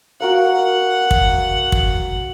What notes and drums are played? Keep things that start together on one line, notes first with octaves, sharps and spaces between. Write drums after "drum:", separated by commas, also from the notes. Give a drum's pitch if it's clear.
F#4 A#4 F5 F#5
drum: kick
drum: kick